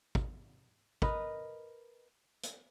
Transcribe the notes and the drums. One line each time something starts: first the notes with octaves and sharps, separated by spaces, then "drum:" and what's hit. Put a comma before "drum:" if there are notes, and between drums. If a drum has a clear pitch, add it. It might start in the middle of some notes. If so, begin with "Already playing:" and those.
drum: kick
A#4 B4 D#5, drum: kick
drum: hi-hat